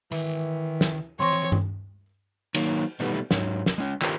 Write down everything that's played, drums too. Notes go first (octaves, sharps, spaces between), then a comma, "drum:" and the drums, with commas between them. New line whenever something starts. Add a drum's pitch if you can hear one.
D#3 E3 B5
drum: snare
E3 F3 C4 C#5 C6 C#6 A#6
drum: tom G2
D#3 F#3 A#3, drum: cymbal
B2 D#3 E3 G3 A3 B3
G#2 F#3, drum: snare
drum: snare
G#3 C#4
D#3 F4 G4 A#4 C5, drum: clap